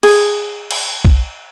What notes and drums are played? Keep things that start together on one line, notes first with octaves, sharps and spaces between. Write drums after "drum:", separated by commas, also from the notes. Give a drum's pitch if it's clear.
G#4, drum: cymbal
drum: cymbal
drum: kick